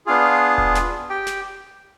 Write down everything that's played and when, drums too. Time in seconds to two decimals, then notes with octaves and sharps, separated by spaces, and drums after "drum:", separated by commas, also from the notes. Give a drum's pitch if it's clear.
0.06 B3 D4 F4 G#4 F5
0.58 drum: kick E1
0.75 drum: snare
1.10 G4 G5
1.27 drum: snare